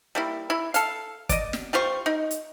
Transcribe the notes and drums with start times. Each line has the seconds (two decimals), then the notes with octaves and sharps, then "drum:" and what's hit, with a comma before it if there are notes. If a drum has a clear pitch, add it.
0.15 G3 A#3 E4
0.50 E4
0.74 A4 F5, drum: hi-hat
1.29 D5 D#5, drum: kick, hi-hat
1.53 drum: snare
1.73 G3 F4 C5 C#6
2.06 D#4
2.31 drum: hi-hat